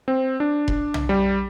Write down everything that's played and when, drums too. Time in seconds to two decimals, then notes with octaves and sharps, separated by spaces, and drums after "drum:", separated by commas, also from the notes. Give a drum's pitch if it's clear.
0.08 C4
0.40 D4
0.68 drum: kick F1
0.94 drum: tom B1
1.09 G3